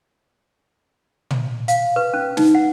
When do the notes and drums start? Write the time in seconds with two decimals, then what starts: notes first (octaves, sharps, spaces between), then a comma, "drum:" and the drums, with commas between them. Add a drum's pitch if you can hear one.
1.30 drum: tom
1.68 F5, drum: hi-hat
1.96 B4
2.14 C#4
2.37 D#4, drum: snare
2.55 F#5